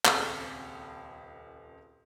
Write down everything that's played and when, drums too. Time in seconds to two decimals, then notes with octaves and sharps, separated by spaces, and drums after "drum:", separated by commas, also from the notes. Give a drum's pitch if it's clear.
0.05 D#1 C#2 C4 G#4 A4, drum: clap